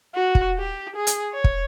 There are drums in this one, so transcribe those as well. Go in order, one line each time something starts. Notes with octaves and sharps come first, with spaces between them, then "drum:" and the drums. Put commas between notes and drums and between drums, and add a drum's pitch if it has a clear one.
F#4
drum: kick
G4
G#4
drum: hi-hat
C#5
drum: kick